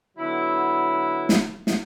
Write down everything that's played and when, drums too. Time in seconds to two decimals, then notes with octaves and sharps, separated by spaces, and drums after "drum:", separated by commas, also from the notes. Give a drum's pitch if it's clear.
0.16 D3 F#3 B3 E4
1.29 drum: snare
1.67 drum: snare